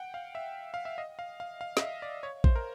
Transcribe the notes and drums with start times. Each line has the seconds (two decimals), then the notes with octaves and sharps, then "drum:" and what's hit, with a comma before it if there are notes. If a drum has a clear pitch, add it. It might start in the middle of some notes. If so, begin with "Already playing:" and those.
Already playing: F#5 G5
0.14 F5
0.35 E5
0.74 F5
0.85 E5
0.98 D#5
1.19 F5
1.40 F5
1.61 F5
1.77 D#5, drum: snare
1.81 E5
2.02 D5
2.23 C#5
2.44 C5, drum: kick A1
2.56 A#4